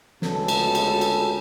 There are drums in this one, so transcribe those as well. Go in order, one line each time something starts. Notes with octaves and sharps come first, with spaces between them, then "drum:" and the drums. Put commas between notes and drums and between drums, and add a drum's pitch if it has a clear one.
D2 C#3 G#3 B3 A4, drum: snare
drum: cymbal
drum: cymbal
drum: cymbal